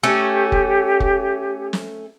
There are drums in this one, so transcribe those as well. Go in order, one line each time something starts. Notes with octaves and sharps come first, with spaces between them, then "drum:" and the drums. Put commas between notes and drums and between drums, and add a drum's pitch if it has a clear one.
A3 C#4 G4
drum: kick
drum: kick
drum: snare